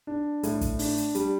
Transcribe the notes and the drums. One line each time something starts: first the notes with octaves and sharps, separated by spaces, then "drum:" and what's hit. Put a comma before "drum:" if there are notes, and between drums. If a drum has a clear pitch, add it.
D4
A2, drum: hi-hat
drum: kick, hi-hat
D4, drum: open hi-hat
drum: hi-hat
G3, drum: hi-hat